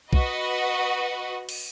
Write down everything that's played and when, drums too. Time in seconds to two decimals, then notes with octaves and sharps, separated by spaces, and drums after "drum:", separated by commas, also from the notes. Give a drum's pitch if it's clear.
0.13 F#4 B4 D#5 F#5, drum: kick B1
1.49 drum: cymbal